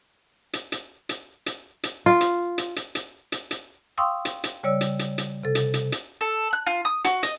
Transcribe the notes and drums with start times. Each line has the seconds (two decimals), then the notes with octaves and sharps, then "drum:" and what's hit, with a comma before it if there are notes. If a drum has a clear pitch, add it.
0.53 drum: hi-hat
0.72 drum: hi-hat
1.09 drum: hi-hat
1.46 drum: hi-hat
1.83 drum: hi-hat
2.06 F4
2.21 drum: hi-hat
2.58 drum: hi-hat
2.76 drum: hi-hat
2.95 drum: hi-hat
3.32 drum: hi-hat
3.51 drum: hi-hat
3.98 F5 G5 C6 C#6 D#6 E6
4.25 drum: hi-hat
4.44 drum: hi-hat
4.63 C#3 G3 C#5 D5 E6
4.81 drum: hi-hat
4.99 drum: hi-hat
5.18 drum: hi-hat
5.43 C3 A4
5.55 drum: hi-hat
5.74 drum: hi-hat
5.92 drum: hi-hat
6.21 A4
6.53 F#6
6.67 F4
6.85 D#6
7.05 F#4, drum: hi-hat
7.23 D#5, drum: hi-hat